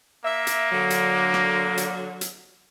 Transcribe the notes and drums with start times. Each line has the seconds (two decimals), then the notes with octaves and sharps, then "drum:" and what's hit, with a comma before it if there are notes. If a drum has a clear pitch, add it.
0.25 A#3 E5
0.47 drum: hi-hat
0.72 D3 F#3
0.90 drum: hi-hat
1.34 drum: rim click
1.77 drum: hi-hat
2.21 drum: hi-hat